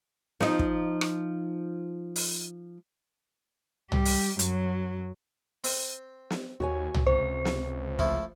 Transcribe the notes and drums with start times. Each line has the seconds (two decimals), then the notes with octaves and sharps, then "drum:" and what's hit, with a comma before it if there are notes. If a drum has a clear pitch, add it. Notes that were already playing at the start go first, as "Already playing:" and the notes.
0.41 F3 D#4, drum: snare
0.59 drum: kick
1.01 drum: rim click
2.16 drum: open hi-hat
3.92 G3 G4, drum: tom
4.05 drum: open hi-hat
4.39 F#2 F#3, drum: hi-hat
5.64 C4, drum: open hi-hat
6.30 drum: snare
6.60 D#2 F#4 C#5 G#5
6.94 drum: tom
7.07 C#2 C3 C5
7.45 drum: snare
7.99 F3 A3 E4, drum: kick